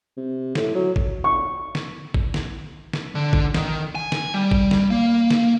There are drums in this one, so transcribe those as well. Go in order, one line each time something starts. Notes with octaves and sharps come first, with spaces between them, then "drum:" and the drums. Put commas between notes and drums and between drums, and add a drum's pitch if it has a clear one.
C3
A2, drum: snare
F#3
drum: kick
C#6
drum: snare
drum: kick
drum: snare
drum: snare
D3
drum: kick
D#3, drum: snare
G#5
drum: snare
G3
drum: kick
drum: snare
A#3
drum: snare